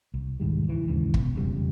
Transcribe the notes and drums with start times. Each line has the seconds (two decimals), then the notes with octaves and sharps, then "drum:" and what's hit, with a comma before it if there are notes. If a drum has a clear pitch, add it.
0.14 C2
0.40 E1 G#2 D#3 G3
0.68 C#2 E3
0.88 D#2 G#2 C#3 E3
1.14 B2, drum: kick
1.35 E1 F2 C#3 G3